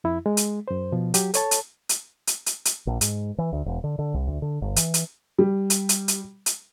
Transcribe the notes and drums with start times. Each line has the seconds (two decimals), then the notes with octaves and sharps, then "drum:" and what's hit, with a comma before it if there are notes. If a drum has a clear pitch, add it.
0.04 F2 E4
0.26 G#3
0.37 drum: hi-hat
0.68 F#2 C5
0.92 B2 F3
1.14 F#3 G4, drum: hi-hat
1.34 A4 C#5 A5, drum: hi-hat
1.51 drum: hi-hat
1.89 drum: hi-hat
2.27 drum: hi-hat
2.46 drum: hi-hat
2.65 drum: hi-hat
2.87 A#1
3.01 G#2, drum: hi-hat
3.38 E3
3.53 D2
3.66 E1
3.84 D3
3.99 D3
4.14 C2
4.28 D2
4.42 D3
4.62 G1
4.76 E3, drum: hi-hat
4.94 drum: hi-hat
5.38 G3
5.70 drum: hi-hat
5.89 drum: hi-hat
6.08 drum: hi-hat
6.46 drum: hi-hat